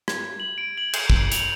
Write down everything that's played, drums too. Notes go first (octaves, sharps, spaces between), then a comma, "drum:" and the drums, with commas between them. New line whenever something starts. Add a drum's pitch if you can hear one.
G#6, drum: rim click
F#7
D7
F#7
G6, drum: cymbal
drum: kick
F7, drum: hi-hat